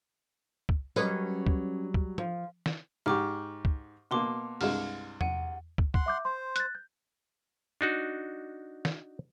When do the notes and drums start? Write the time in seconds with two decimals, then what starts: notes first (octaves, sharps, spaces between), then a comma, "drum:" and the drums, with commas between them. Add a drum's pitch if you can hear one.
0.69 drum: kick
0.96 F#3 G3 C#4 B4 D#5, drum: tambourine
1.47 drum: kick
1.94 drum: kick
2.18 F3, drum: tom F3
2.66 drum: snare
3.06 G#2 G4 C#6 D6 F6
3.65 drum: kick
4.11 B2 A#3 A5 C6 D6
4.61 C2 G2 G#3 F6 E7, drum: open hi-hat
5.21 F#5 D#7, drum: tom E2
5.78 drum: kick
5.94 F#5 C6, drum: kick
6.06 E5 D6 G6
6.25 C5 C6
6.56 F#6 A6, drum: hi-hat
6.75 G6
7.81 D4 D#4 F#4
8.85 drum: snare